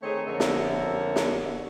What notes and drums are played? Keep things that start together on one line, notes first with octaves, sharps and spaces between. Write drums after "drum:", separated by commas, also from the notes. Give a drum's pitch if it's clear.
D#3 A3 C4 D#4 G#4 C#5
F2 D3 A#3 A#4 C#5 E5
drum: snare
drum: snare